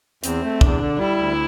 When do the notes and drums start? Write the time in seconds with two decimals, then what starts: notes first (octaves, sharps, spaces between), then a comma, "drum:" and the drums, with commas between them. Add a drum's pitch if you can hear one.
0.24 E2 C4, drum: hi-hat
0.43 A3
0.61 E2 D4, drum: kick
0.80 D3
0.98 G3 E4
1.17 D2